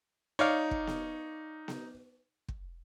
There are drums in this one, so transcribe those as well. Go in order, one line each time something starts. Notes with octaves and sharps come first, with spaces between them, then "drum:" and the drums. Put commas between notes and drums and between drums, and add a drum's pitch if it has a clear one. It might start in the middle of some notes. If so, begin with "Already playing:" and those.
D#4 C#5 D5 F5
drum: kick
drum: snare B3
drum: snare B3
drum: kick